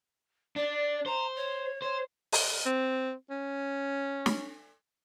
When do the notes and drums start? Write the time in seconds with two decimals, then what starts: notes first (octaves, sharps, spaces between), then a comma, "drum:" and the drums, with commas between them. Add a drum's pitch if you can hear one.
0.56 D4 D5
1.06 C5 A#5
1.36 C#5
1.82 C5 C#5
2.32 drum: open hi-hat
2.66 C4
3.30 C#4
4.26 drum: snare